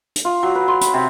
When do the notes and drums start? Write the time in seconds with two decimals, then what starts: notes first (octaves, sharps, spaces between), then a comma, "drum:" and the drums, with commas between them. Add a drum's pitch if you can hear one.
0.16 drum: hi-hat
0.25 F4
0.43 F#3
0.55 B4
0.68 C6
0.81 B5, drum: hi-hat
0.94 C3